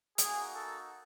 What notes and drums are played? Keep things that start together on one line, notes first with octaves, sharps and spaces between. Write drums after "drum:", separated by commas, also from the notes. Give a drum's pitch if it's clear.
A#3 D#4 F#4 G#4, drum: hi-hat
A4